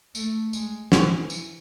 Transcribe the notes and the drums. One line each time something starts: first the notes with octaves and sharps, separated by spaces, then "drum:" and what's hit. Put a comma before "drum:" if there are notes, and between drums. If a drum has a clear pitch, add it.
A3, drum: tambourine
G#3, drum: tambourine
E3, drum: snare
drum: tambourine